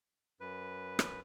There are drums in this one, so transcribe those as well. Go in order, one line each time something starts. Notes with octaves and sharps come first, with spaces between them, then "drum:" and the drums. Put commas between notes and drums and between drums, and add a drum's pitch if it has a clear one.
F#2 B4
drum: rim click